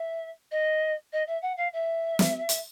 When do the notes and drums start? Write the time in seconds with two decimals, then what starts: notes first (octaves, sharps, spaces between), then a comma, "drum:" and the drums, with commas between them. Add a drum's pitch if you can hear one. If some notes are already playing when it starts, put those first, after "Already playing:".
Already playing: E5
0.51 D#5
1.12 D#5
1.26 E5
1.41 F#5
1.57 F5
1.72 E5
2.19 drum: snare
2.49 drum: hi-hat